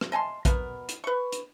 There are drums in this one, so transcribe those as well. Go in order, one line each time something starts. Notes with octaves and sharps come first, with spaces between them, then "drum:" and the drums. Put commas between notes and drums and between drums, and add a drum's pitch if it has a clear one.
drum: rim click
D#5 G#5 A5 C6
B2 B3 A#4, drum: kick A#1, hi-hat
drum: hi-hat
B4 C#6
drum: hi-hat